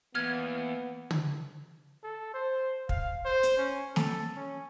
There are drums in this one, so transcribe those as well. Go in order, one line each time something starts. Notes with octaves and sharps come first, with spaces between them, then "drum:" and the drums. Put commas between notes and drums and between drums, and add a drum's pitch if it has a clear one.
E2 A#3 B3 F6 G#6
drum: tom
A4
C5
F5, drum: kick
C5
drum: hi-hat
C#4
A4, drum: snare
C#4